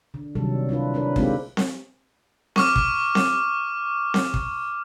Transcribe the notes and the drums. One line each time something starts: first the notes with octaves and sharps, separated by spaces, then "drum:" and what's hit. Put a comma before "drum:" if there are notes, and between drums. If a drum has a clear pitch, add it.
D3
C3 D#3 F#3 G3 A4
D4 E4 F4 B4
C#4 D4 A#4 B4
G#3 A#3 C4 D#4 F4 G4, drum: kick
drum: snare C4
C#6 D6 F6, drum: snare C4
drum: kick
drum: snare C4
drum: snare C4
drum: kick